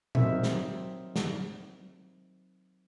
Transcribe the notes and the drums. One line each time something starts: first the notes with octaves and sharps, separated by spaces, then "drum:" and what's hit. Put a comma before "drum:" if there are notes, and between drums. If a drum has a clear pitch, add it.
F#3 C4 D#4 A#4 C5 E5, drum: tom A#2
drum: snare
drum: snare